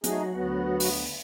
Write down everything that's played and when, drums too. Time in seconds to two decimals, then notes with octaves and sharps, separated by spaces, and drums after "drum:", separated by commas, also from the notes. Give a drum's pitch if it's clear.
0.04 F#3 A3 D#4 F#4 G#4, drum: hi-hat
0.33 D2 B3
0.80 drum: open hi-hat